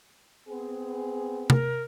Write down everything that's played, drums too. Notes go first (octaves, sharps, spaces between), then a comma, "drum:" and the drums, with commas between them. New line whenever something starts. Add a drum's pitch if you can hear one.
B3 C4 G#4
A#4, drum: tom